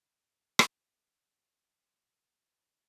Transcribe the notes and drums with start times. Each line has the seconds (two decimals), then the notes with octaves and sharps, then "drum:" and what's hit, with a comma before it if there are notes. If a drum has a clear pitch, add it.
0.14 G1
0.59 drum: rim click
0.96 C#4
1.70 B1
2.54 B4